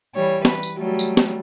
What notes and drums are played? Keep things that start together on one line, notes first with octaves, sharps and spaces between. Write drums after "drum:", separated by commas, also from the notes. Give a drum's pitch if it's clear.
E3 G3 C#5
B4, drum: snare
drum: tambourine
F#3 G3 A3
drum: tambourine
drum: snare